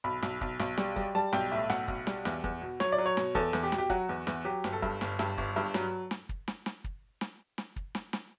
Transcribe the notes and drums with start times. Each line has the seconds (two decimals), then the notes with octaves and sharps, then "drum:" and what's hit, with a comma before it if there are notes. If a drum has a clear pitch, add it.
0.04 B1 B5
0.23 B1, drum: snare
0.41 B1, drum: kick
0.60 B1, drum: snare
0.78 G3, drum: snare
0.96 G3, drum: kick
1.15 G3 A5
1.33 B1 G5, drum: snare
1.52 A2 E5
1.70 B1 F#5, drum: snare
1.88 B1, drum: kick
2.07 G3, drum: snare
2.25 E2, drum: snare
2.44 E2, drum: kick
2.61 B2
2.80 F#3 C#5, drum: snare
2.92 D5
2.98 F#3
3.06 C#5
3.17 B2, drum: snare
3.35 E2 A4, drum: kick
3.53 E2, drum: snare
3.63 G4
3.72 B2, drum: snare
3.78 G4
3.90 F#3 F#4, drum: kick
4.09 E2
4.27 E2, drum: snare
4.45 F#3 G4
4.64 G1, drum: snare
4.73 A4
4.82 G2, drum: kick
5.01 G1, drum: snare
5.19 G2, drum: snare
5.38 G1, drum: kick
5.56 G2
5.74 F#3, drum: snare
6.11 drum: snare
6.29 drum: kick
6.48 drum: snare
6.66 drum: snare
6.84 drum: kick
7.21 drum: snare
7.58 drum: snare
7.76 drum: kick
7.95 drum: snare
8.13 drum: snare